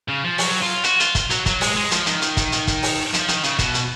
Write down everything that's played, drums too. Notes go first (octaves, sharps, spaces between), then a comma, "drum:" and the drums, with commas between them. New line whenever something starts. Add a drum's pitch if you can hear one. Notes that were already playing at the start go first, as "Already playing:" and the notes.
C#3
F3
F#3, drum: open hi-hat
F4
F#4, drum: hi-hat
F4, drum: hi-hat
drum: kick, hi-hat
F#3, drum: hi-hat
F#3, drum: kick, hi-hat
G#3, drum: open hi-hat
G#3
F3, drum: hi-hat
D#3, drum: hi-hat
drum: hi-hat
drum: kick, hi-hat
drum: hi-hat
drum: kick, hi-hat
drum: open hi-hat
F3, drum: hi-hat
D#3, drum: hi-hat
C#3, drum: hi-hat
B2, drum: kick, hi-hat
drum: hi-hat